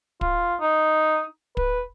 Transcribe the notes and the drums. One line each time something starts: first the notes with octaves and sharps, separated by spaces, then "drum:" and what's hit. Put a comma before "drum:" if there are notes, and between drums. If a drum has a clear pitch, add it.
F4, drum: kick
D#4
B4, drum: kick